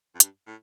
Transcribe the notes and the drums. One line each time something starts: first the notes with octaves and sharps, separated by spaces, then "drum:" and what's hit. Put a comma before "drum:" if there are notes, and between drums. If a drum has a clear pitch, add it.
F2
G2, drum: hi-hat
A2